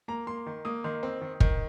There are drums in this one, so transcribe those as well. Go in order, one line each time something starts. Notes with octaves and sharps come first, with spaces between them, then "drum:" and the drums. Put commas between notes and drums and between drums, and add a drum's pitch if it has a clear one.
A#3 A#5
A#3 C6
D#3
A#3 D#6
D#3 C6
C4
D#3
D#3, drum: kick